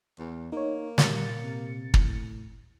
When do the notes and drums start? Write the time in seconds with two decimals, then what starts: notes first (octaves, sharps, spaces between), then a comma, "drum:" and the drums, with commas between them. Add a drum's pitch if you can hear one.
0.19 E2
0.52 A#3 D#4 C#5
0.98 A#2 G3 A6 C#7, drum: snare
1.43 C3
1.94 A2, drum: kick